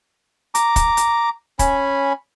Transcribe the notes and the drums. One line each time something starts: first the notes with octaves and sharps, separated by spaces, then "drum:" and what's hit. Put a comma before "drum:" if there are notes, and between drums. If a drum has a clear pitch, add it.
A#5 D6, drum: hi-hat
drum: kick, hi-hat
drum: hi-hat
C#4 G#5 B5, drum: kick, hi-hat